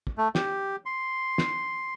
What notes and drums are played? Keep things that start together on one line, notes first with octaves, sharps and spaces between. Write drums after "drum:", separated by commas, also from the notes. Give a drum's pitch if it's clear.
drum: kick
A3
G4, drum: snare
C6
drum: snare